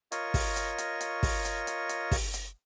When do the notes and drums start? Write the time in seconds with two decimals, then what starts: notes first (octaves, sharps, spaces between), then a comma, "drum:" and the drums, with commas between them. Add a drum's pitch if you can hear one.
0.12 F4 A#4 C#5 D#5 C#6, drum: hi-hat
0.34 drum: kick, open hi-hat
0.56 drum: hi-hat
0.78 drum: hi-hat
1.01 drum: hi-hat
1.23 drum: kick, open hi-hat
1.45 drum: hi-hat
1.67 drum: hi-hat
1.89 drum: hi-hat
2.11 drum: kick, open hi-hat
2.34 drum: hi-hat